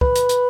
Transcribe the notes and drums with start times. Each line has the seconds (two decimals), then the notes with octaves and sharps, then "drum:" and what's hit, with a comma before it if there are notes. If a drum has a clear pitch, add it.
0.01 B4, drum: kick
0.16 drum: hi-hat
0.29 drum: hi-hat